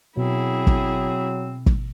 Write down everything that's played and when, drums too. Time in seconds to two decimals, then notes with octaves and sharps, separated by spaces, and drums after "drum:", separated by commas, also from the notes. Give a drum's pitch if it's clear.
0.17 B2 F#3 C4 E4 G#4
0.67 drum: kick
1.66 drum: kick